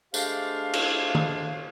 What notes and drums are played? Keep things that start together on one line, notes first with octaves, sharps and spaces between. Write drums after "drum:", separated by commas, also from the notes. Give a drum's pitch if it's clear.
G#3 A3 D4 G4 C5 F5, drum: tambourine
drum: cymbal
drum: tom D#3